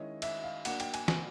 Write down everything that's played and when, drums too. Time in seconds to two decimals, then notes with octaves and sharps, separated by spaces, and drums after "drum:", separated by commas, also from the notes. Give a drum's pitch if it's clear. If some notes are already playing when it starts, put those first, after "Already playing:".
Already playing: D#3 G#3 C#4 E4 D#5
0.22 E5, drum: cymbal
0.44 F5
0.65 F#3 A#3 D4 F#5, drum: cymbal
0.80 G5, drum: cymbal
0.94 G#5, drum: cymbal
1.08 G#5, drum: snare